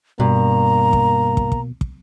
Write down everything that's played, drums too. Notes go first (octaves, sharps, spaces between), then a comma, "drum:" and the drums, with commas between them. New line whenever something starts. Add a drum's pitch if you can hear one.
G2 B2 A#3 A#5
drum: kick
drum: kick
drum: kick
drum: kick